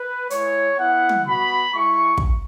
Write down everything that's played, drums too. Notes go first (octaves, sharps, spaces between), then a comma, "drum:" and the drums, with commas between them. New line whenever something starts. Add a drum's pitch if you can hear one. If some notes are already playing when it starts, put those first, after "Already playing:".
Already playing: B4
G#3 E4 C#5, drum: hi-hat
B3 E4 F#5
drum: tom
B3 F#4 B5
G#3 E4 C#6
drum: kick